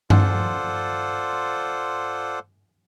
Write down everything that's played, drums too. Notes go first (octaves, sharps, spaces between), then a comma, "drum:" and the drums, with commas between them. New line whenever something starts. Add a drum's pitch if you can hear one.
F4 A4 C5 D5 F#5, drum: tom G2